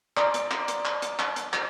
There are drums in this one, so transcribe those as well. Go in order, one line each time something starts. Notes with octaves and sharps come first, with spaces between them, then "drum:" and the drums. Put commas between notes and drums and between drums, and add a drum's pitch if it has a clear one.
D5 A#5 C6 D#6, drum: clap
drum: hi-hat
drum: clap
drum: hi-hat
drum: clap
drum: hi-hat
drum: clap
drum: hi-hat
drum: clap